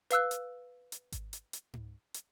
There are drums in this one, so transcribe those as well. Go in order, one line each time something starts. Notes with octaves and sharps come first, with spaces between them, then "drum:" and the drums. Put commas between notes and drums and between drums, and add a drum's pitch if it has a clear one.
B4 F5 E6 F#6, drum: hi-hat
drum: hi-hat
drum: hi-hat
drum: kick G#1, hi-hat
drum: hi-hat
drum: hi-hat
drum: tom G#2
drum: hi-hat